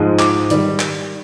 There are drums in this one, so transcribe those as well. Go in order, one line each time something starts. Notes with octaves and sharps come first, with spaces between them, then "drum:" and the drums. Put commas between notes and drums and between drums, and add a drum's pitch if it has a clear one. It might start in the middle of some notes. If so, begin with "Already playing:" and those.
Already playing: G#2 F3 G#3
D6, drum: clap
D#3 G3, drum: hi-hat
drum: clap